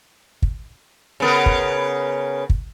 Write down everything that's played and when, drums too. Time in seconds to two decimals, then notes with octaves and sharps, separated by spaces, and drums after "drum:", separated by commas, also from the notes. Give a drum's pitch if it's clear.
0.42 drum: kick
1.20 C#3 B3 A#4
1.46 drum: kick
2.50 drum: kick